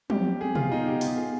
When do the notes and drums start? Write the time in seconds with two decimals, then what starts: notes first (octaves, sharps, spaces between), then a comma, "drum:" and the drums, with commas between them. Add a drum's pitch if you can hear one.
0.10 C4 G4, drum: tom F3
0.25 B3
0.40 C4 G#4
0.55 B3 F4, drum: tom B2
0.72 D#4
0.87 G4
1.01 F4, drum: open hi-hat
1.17 G#4